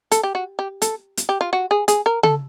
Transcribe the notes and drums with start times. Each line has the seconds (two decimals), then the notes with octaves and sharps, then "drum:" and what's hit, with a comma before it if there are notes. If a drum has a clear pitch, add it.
0.11 A4, drum: hi-hat
0.23 G4
0.35 F#4
0.59 G4
0.82 A4, drum: hi-hat
1.17 drum: hi-hat
1.29 G4
1.41 F4
1.53 F#4
1.71 G#4
1.88 G#4, drum: hi-hat
2.06 A#4
2.23 A4, drum: tom C#3